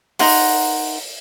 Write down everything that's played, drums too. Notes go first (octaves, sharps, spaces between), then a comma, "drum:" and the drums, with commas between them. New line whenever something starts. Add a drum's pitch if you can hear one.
D#4 A#4 F#5 C6, drum: open hi-hat